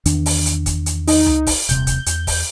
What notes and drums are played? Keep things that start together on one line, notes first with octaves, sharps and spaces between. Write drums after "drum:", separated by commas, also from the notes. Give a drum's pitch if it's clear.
E2 D#3 D4, drum: hi-hat
drum: open hi-hat
drum: hi-hat
drum: kick, hi-hat
drum: hi-hat
D#4, drum: open hi-hat
drum: tom C#2
drum: kick, open hi-hat
D#1 C3 G6, drum: hi-hat
drum: kick, hi-hat
E2, drum: hi-hat
drum: kick, open hi-hat